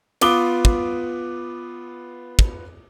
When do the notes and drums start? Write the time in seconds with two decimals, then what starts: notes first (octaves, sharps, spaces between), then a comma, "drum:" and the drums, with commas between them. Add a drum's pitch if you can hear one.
0.21 B3 F4 B4 D6 D#6 G7, drum: cymbal
0.65 drum: kick
2.39 drum: kick